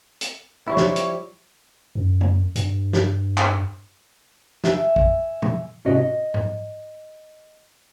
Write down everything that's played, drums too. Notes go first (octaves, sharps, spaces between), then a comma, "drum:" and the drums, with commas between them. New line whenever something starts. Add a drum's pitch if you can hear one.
drum: hi-hat
F3 G3 E4 C#5
drum: snare
drum: hi-hat
F#2
drum: tom D3
G2, drum: hi-hat
drum: snare
drum: clap
E5 G#5, drum: snare
drum: kick
drum: tom
C2 G#2 C#4 F#4 D#5
D#5
drum: tom G#2